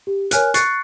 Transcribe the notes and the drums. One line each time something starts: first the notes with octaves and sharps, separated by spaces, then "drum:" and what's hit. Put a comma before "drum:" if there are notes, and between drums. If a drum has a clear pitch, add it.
G4
A#4 C#5 G#5 F6 F#6, drum: hi-hat
C#6 F#6 A6 C7 C#7, drum: hi-hat